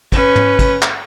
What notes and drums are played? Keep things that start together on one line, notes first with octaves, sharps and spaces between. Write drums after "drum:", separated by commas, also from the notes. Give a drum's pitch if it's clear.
C#4 B4, drum: kick, cymbal
drum: tom
drum: kick, cymbal
drum: clap